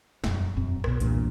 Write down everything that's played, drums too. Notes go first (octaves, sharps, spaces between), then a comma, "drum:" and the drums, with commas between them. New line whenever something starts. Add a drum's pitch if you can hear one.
E1 F#2, drum: snare
E1 F#2 C4
B1 B2, drum: rim click
B1 E2 G2 A#2, drum: hi-hat